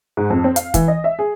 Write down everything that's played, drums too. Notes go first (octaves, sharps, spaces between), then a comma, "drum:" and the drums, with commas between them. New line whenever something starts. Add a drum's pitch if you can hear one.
G#2
F2
C4
F5, drum: hi-hat
E3, drum: kick, hi-hat
D#5
E5
G#4